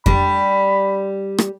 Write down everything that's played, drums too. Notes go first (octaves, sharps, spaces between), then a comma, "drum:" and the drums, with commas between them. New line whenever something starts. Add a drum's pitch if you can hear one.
G3 D4 B5, drum: kick F2
drum: rim click